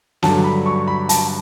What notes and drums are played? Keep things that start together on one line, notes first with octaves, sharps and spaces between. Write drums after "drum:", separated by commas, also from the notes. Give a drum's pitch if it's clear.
G2 D3 F#3 A5, drum: snare
B5
C#6
B5
A5, drum: hi-hat